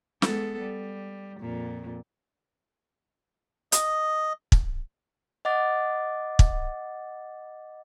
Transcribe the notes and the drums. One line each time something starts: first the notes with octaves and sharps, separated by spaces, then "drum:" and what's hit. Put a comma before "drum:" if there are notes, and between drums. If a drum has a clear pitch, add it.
G#3 B3 A4, drum: snare
G3
F2 A#2
D#5, drum: hi-hat
drum: kick
D#5 F#5 D6 A6
drum: kick